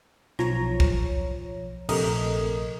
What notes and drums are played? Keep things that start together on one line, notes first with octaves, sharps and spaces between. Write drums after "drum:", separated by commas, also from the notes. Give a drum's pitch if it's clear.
B1 F3 C#5 A#5, drum: rim click
drum: kick
A#1 C3 A3 A#4 D#5, drum: cymbal